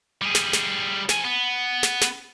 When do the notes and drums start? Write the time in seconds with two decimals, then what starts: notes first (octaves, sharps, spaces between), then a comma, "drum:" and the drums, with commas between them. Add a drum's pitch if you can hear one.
0.22 G3 G#4
0.35 drum: snare
0.53 drum: snare
1.09 F3 G#5, drum: snare
1.24 B3
1.83 drum: snare
2.02 drum: snare